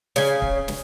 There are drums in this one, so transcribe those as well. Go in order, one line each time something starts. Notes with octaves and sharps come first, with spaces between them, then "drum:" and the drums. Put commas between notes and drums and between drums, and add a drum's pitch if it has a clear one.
C#3 G#5, drum: snare
drum: kick
drum: snare